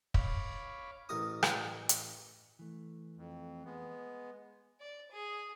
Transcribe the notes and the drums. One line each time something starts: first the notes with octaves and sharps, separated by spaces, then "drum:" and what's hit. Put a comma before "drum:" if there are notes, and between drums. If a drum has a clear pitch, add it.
C#5 F5 B5 D6, drum: kick
A1 A#4 D#6
drum: rim click
drum: hi-hat
E3 A3
F2
G#3 B3
D5
G#4